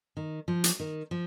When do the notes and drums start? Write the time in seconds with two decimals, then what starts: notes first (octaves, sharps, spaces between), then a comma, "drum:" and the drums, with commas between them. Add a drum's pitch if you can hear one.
0.17 D#3
0.48 F3
0.64 drum: hi-hat
0.80 D#3
1.11 F3